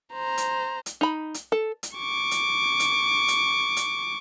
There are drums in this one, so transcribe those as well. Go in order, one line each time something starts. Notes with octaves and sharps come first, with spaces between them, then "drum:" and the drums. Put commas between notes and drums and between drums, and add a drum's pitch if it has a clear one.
C5 A#5
drum: hi-hat
drum: hi-hat
D#4 B5
drum: hi-hat
A4
drum: hi-hat
C#6 D6
drum: hi-hat
drum: hi-hat
drum: hi-hat
drum: hi-hat